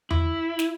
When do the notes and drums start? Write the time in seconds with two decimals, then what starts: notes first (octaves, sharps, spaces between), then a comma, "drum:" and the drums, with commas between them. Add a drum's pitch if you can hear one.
0.10 E4, drum: tom E2
0.59 drum: snare